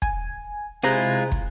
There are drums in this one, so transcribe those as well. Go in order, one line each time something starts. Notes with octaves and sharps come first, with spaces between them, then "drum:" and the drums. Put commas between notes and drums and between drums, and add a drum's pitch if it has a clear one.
G#5, drum: kick
C3 G#3 E4 F4 G#4 C5 A#5 F#6
drum: kick